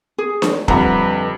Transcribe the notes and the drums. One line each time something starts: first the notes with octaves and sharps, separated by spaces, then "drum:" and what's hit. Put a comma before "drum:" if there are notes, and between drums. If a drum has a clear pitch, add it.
G#4
drum: snare D4
F2 D3 G3 B4 E5 F#5 A#5, drum: kick